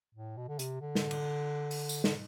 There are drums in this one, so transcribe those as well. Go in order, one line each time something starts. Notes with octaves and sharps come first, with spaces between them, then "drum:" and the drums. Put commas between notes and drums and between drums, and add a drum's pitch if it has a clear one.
A2
B2
D3
C3, drum: hi-hat
D3
drum: snare
drum: cymbal
drum: open hi-hat
drum: tambourine
D3, drum: snare